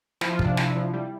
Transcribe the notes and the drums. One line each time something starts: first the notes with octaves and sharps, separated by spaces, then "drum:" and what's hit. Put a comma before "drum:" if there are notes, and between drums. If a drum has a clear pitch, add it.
F3 E4, drum: snare
F4
C3, drum: kick
D4
C3 E4, drum: snare
F3
G3